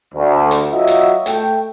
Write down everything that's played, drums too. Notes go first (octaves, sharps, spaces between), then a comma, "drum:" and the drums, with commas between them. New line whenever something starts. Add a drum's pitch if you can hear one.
D2
drum: hi-hat
F#3 F4 F#4 D#5 E5
drum: hi-hat
A3 G5, drum: hi-hat